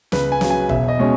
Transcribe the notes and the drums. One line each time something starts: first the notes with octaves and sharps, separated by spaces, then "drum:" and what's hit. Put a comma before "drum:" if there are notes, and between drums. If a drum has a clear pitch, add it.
C#2 B4, drum: snare
G#5
C#3 F#3, drum: snare
G#5
E1 E5, drum: kick F#1
D#5
B2 G#3 C#4